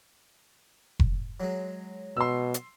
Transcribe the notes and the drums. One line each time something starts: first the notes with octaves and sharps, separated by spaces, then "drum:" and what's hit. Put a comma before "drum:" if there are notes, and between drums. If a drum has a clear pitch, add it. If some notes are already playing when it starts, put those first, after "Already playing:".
drum: kick F1
F#3 G#3
B2 C6 E6
drum: hi-hat